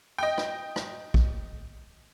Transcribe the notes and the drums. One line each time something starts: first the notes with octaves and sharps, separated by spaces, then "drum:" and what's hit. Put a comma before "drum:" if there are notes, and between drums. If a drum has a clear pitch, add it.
D#5 G5
drum: rim click
drum: rim click
drum: kick